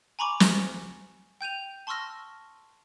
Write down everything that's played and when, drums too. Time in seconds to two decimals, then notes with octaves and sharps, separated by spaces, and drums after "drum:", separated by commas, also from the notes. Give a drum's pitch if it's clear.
0.19 G#5 A#5 B5 C#6 D6
0.40 drum: snare
1.41 G5 G6 D#7 F7
1.87 A5 C6 C#6 E6 F6 A#6